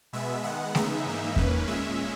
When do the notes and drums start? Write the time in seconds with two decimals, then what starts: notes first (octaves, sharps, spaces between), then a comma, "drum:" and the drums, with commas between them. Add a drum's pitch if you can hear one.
0.13 B2 G#3 B3 E5
0.44 D#3 G#3 B3 F#5
0.75 C#3 G#3 B3 D#4 E5, drum: snare A3
1.06 G#2 E3 A#3 D#4
1.36 D#3 A#3 C#4 B4, drum: kick E2
1.68 A#2 G#3 C#4 E5